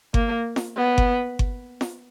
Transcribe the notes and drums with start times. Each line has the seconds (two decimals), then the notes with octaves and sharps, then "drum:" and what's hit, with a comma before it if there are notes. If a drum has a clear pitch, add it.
0.14 A#3, drum: kick G1
0.56 drum: snare
0.77 B3
0.98 drum: kick G1
1.39 drum: kick G1
1.81 drum: snare